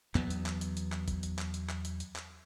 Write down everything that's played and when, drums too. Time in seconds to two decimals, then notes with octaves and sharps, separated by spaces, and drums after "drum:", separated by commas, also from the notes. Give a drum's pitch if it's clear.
0.15 E2 F#3 B3, drum: clap
0.30 drum: hi-hat
0.46 drum: clap
0.61 drum: hi-hat
0.77 drum: hi-hat
0.92 drum: clap
1.08 drum: kick, hi-hat
1.23 drum: hi-hat
1.38 drum: clap
1.54 drum: hi-hat
1.69 drum: clap
1.85 drum: hi-hat
2.00 drum: hi-hat
2.16 drum: clap